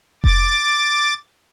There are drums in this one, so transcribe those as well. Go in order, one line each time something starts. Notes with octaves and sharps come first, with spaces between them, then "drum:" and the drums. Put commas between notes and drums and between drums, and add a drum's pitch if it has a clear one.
D6 A6, drum: kick F1